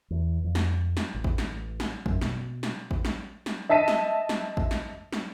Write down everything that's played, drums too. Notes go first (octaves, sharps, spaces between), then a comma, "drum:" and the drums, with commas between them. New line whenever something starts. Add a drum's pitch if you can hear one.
E2
F2
drum: snare
drum: snare
A1
drum: kick A1
drum: snare
drum: snare
F#2, drum: kick A1
B2, drum: snare
drum: snare
drum: kick A1
drum: snare
drum: snare
D#5 E5 A5 B6 D#7
drum: snare
drum: snare
drum: kick A1
drum: snare
drum: snare